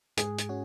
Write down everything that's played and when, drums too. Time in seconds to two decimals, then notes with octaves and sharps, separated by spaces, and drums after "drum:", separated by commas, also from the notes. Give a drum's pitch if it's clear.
0.17 G#2 G#4, drum: hi-hat
0.38 drum: hi-hat
0.49 C#4 F#4